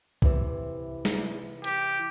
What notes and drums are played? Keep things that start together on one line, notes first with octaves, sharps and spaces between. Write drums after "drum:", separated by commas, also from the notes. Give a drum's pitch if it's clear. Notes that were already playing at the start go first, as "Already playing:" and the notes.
C3 E3, drum: kick B1
drum: snare
G4, drum: hi-hat